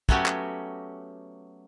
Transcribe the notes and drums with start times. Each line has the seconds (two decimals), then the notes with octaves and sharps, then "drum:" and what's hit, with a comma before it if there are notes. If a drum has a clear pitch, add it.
0.09 F#3 A3 B3 C#4 F#4 G4, drum: kick
0.26 drum: clap